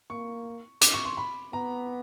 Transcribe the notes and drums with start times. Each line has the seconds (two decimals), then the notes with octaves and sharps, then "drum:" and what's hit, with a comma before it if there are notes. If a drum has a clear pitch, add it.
0.10 A#3 C#6
0.81 D6, drum: hi-hat
0.94 C#6
1.05 C6
1.17 B5
1.53 B3 A#5